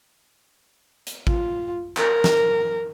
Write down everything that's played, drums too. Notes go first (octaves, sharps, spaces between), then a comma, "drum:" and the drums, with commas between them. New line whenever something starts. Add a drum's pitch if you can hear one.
drum: hi-hat
F4, drum: kick A1
A#4, drum: clap
drum: snare